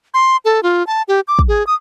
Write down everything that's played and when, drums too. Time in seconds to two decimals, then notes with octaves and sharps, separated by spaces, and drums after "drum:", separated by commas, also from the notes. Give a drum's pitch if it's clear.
0.14 C6
0.45 A4
0.63 F4
0.87 A5
1.08 G4
1.28 D6
1.39 drum: kick
1.48 G#4
1.67 D#6